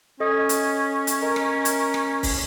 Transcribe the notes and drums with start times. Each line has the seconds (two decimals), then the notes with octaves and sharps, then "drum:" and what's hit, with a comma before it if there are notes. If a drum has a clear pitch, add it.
0.20 C#4 A4 D#5 D#6
0.49 drum: hi-hat
1.07 drum: hi-hat
1.23 A#4 D#5
1.36 drum: rim click
1.65 drum: hi-hat
1.94 drum: rim click
2.23 drum: kick, open hi-hat